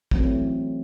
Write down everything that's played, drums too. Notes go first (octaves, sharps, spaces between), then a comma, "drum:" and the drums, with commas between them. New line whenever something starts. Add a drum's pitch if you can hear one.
E3 F#3 A3 C4 C#4, drum: kick